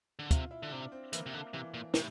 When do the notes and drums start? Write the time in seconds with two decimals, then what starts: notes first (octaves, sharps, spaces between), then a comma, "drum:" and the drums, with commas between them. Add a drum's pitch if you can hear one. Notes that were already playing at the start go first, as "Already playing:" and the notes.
0.19 D3
0.31 C3 F4, drum: kick, hi-hat
0.51 E4
0.63 D3
0.72 C3 D4
0.92 C4
1.13 E3 A#3, drum: hi-hat
1.26 C3
1.34 D3
1.53 C3 E3
1.74 A#2
1.94 A2 C3, drum: snare